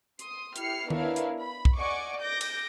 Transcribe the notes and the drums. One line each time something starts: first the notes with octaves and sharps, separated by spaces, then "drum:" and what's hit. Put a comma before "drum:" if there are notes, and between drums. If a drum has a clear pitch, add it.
C6 D#6, drum: hi-hat
E4 G4 F6 C7 C#7, drum: hi-hat
B3 D4 E4 A#4 C#5 F5, drum: tom D#3
drum: hi-hat
B5
drum: kick
D5 D#5 F#5 G#5 C#6 D6
D6 G6 A#6 D7
drum: cymbal